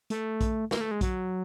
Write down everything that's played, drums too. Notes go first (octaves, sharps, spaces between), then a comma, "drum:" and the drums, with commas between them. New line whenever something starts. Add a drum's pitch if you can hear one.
A3, drum: hi-hat
drum: kick A#1, hi-hat
A#3, drum: snare
A3
G#3
F#3, drum: kick A#1, hi-hat